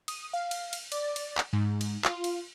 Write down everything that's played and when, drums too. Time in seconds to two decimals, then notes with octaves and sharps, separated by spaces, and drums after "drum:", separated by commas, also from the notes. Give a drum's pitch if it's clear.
0.08 D#6, drum: cymbal
0.33 F5
0.51 drum: cymbal
0.73 drum: cymbal
0.92 D5, drum: cymbal
1.16 drum: cymbal
1.38 drum: clap
1.53 G#2
1.81 drum: cymbal
2.05 F4, drum: clap
2.24 drum: cymbal